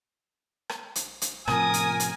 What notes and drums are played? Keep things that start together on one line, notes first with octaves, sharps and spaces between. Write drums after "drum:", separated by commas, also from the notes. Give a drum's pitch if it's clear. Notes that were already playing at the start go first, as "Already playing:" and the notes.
drum: rim click
drum: hi-hat
drum: hi-hat
A2 C3 F3 A#4 G#5 D#6, drum: rim click
drum: hi-hat
drum: hi-hat